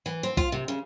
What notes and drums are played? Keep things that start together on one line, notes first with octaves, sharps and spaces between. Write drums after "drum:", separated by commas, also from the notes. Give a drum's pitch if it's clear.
E3
C4
F4, drum: kick B1
C3
C#3